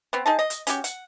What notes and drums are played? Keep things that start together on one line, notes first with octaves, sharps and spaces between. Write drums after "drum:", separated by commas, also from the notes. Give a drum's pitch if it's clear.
B3 C4
D#4 G#4 A5
D#5
drum: hi-hat
C#4 F#4 G4, drum: hi-hat
F#5, drum: hi-hat